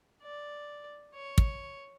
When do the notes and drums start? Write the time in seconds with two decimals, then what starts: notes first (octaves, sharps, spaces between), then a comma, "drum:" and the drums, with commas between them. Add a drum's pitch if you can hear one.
0.22 D5
1.14 C#5
1.38 drum: kick